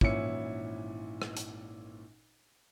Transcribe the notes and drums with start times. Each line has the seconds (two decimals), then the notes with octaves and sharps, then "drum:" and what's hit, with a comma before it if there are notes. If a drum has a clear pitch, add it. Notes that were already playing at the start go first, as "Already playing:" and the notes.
0.01 G#1 A#2 E3 C#4 E4 C#7, drum: kick
1.22 drum: rim click
1.37 drum: hi-hat